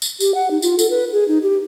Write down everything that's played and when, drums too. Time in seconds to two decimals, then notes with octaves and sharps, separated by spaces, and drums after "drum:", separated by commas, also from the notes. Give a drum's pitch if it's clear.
0.02 drum: tambourine
0.20 G4, drum: tambourine
0.35 F#5
0.51 D#4
0.62 F4, drum: tambourine
0.79 A4, drum: tambourine
0.90 B4
1.12 G#4
1.28 D#4
1.43 G4